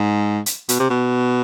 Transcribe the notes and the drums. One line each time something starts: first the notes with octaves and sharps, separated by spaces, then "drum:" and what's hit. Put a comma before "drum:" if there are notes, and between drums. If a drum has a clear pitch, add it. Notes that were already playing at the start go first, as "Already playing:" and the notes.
Already playing: G#2
drum: hi-hat
B2, drum: hi-hat
C3
B2